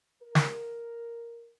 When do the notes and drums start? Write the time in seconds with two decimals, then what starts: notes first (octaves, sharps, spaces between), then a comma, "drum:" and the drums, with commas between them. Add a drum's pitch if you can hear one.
0.22 A#4
0.35 drum: snare